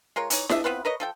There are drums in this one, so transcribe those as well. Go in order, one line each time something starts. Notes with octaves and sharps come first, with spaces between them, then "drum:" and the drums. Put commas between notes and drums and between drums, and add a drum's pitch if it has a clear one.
G#3 F4 A#4 C#5
E3 D#4 C#5, drum: hi-hat
A3 D4 D#5 E5, drum: snare E4
B3 C4 F4 B4
A#4 B4 C#5 D#5
F3 A4 G5